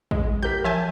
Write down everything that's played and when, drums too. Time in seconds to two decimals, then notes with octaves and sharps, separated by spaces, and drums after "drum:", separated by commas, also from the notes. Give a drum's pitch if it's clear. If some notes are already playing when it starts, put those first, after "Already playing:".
0.11 G#3, drum: kick
0.43 G4 A#4 G6 B6
0.64 F3 E5 G#5 A5